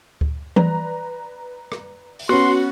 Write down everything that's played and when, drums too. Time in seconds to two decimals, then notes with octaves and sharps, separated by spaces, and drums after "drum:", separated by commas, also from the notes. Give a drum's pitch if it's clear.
0.21 drum: kick D2
0.56 B4 D5 A#5, drum: tom E3
1.72 drum: rim click
2.19 drum: open hi-hat
2.29 B3 C#4 F#4 C6